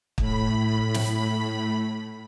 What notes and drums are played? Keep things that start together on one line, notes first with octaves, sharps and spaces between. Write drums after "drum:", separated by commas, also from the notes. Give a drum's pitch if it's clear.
A2 B5, drum: kick
drum: snare